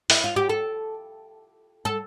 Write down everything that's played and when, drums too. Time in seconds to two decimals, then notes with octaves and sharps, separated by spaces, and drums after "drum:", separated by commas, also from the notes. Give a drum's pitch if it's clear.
0.10 E4, drum: open hi-hat
0.24 F4
0.36 G4
0.49 A4
1.85 A4